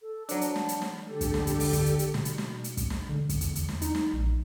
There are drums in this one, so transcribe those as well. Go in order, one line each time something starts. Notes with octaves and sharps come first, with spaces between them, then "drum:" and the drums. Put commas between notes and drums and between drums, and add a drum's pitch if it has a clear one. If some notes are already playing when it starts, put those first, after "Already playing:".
A4
F#3 D4 C5, drum: hi-hat
A5, drum: hi-hat
drum: snare
drum: hi-hat
drum: snare
D3 G4 A4
drum: kick, hi-hat
drum: snare
drum: kick, hi-hat
drum: open hi-hat
drum: kick, hi-hat
drum: hi-hat
drum: hi-hat
B2, drum: snare
drum: hi-hat
drum: snare
drum: hi-hat
drum: kick, hi-hat
drum: snare
D3
drum: kick, hi-hat
E2, drum: hi-hat
drum: hi-hat
drum: snare
D#4, drum: hi-hat
drum: snare
A#1